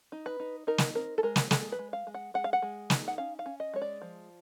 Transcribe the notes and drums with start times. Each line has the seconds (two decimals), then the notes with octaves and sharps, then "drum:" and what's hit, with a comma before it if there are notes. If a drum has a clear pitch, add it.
0.12 D#4
0.26 B4
0.40 D#4
0.67 D#4 A#4
0.78 drum: snare
0.95 C4 A#4
1.18 A4
1.23 G#3 A#4
1.36 drum: snare
1.51 G#3 A4, drum: snare
1.72 B4
1.79 G#3
1.93 F5
2.07 G#3
2.14 F#5
2.34 G#3 F#5
2.44 F5
2.53 F#5
2.62 G#3
2.90 D#4, drum: snare
3.08 F#5
3.18 C#4 F5
3.39 F5
3.46 C#4
3.60 D#5
3.74 G#3 C#5
3.82 D5
4.02 F3